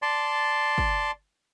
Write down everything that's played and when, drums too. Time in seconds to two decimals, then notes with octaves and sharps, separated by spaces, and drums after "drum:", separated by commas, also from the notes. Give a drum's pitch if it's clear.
0.02 D5 A5 C6
0.78 drum: kick